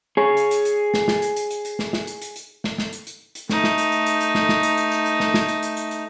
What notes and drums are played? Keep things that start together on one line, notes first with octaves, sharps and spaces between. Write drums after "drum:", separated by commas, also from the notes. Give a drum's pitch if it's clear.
G#4 C#5
drum: hi-hat
drum: hi-hat
drum: hi-hat
drum: snare
drum: snare
drum: hi-hat
drum: hi-hat
drum: hi-hat
drum: hi-hat
drum: snare
drum: snare
drum: hi-hat
drum: hi-hat
drum: hi-hat
drum: snare
drum: snare
drum: hi-hat
drum: hi-hat
drum: hi-hat
A3 D#4, drum: snare
drum: snare
drum: hi-hat
drum: hi-hat
drum: hi-hat
drum: hi-hat
drum: snare
drum: snare
drum: hi-hat
drum: hi-hat
drum: hi-hat
drum: hi-hat
drum: snare
drum: snare
drum: hi-hat
drum: hi-hat
drum: hi-hat
drum: hi-hat